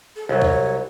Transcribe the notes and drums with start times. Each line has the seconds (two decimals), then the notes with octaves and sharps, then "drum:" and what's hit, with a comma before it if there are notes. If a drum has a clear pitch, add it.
0.16 A4
0.29 C2 F#3 C#5
0.42 drum: kick